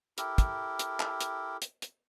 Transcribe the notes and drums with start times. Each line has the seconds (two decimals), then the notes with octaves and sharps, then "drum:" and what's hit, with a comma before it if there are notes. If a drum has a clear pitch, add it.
0.18 E4 G4 A4 A#4, drum: hi-hat
0.38 drum: kick, hi-hat
0.79 drum: hi-hat
1.00 drum: clap
1.21 drum: hi-hat
1.62 drum: hi-hat
1.82 drum: hi-hat